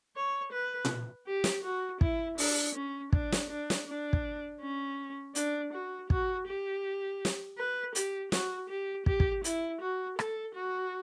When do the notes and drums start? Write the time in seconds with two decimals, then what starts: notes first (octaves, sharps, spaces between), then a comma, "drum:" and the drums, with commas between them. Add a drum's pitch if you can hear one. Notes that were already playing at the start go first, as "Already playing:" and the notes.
0.16 C#5
0.53 B4
0.85 drum: tom A#2
1.27 G4
1.44 drum: snare
1.63 F#4
2.01 E4, drum: kick
2.38 D4, drum: open hi-hat
2.75 C#4
3.13 D4, drum: kick
3.32 drum: snare
3.50 D4
3.70 drum: snare
3.87 D4
4.13 drum: kick
4.61 C#4
5.35 D4, drum: hi-hat
5.73 F#4
6.10 F#4, drum: kick
6.47 G4
7.25 drum: snare
7.58 B4
7.95 G4, drum: hi-hat
8.32 F#4, drum: snare
8.69 G4
9.06 G4, drum: kick
9.20 drum: kick
9.44 E4, drum: hi-hat
9.81 F#4
10.19 A4, drum: rim click
10.55 F#4